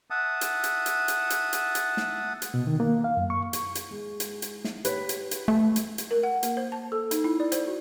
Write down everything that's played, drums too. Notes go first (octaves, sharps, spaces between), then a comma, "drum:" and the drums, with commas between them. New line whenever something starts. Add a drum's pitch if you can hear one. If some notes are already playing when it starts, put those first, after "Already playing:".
E5 F#5 A5 D#6
drum: hi-hat
drum: hi-hat
drum: hi-hat
drum: hi-hat
drum: hi-hat
drum: hi-hat
drum: hi-hat
drum: snare
drum: hi-hat
B2
D#3
A#3
F5
F#2
C#6
drum: hi-hat
drum: hi-hat
G#3
drum: hi-hat
drum: hi-hat
drum: snare
G4 B4 C#5, drum: hi-hat
drum: hi-hat
drum: hi-hat
A3
drum: hi-hat
drum: hi-hat
A#4
F#5
A#3, drum: hi-hat
C5
A5
A4
D#4, drum: hi-hat
E4
D5
C5, drum: hi-hat
F#4